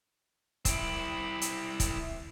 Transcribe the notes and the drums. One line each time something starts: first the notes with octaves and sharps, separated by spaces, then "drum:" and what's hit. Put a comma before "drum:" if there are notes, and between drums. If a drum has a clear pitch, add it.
C4 E4, drum: kick, hi-hat
drum: hi-hat
drum: kick, hi-hat